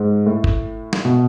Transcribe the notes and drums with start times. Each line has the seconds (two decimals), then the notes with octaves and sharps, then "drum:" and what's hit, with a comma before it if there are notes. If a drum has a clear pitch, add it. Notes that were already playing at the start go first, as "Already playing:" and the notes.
Already playing: G#2
0.26 A2
0.44 drum: kick G1
0.93 drum: snare
1.05 B2